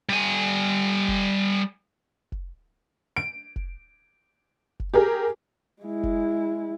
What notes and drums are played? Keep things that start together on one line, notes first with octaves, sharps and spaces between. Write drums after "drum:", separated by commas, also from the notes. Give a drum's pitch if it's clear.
G3 G#5
drum: kick F1
drum: kick F1
D7
drum: kick F1
drum: kick F1
G4 G#4 A#4
G#3 E4
drum: kick F1